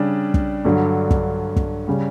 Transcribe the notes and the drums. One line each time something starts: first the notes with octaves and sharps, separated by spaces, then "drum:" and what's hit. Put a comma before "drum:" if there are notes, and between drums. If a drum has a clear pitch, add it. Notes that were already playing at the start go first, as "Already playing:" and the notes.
Already playing: C#3 G3 D4
drum: kick
G2 D3 F#3
drum: kick
drum: kick
C#3 G3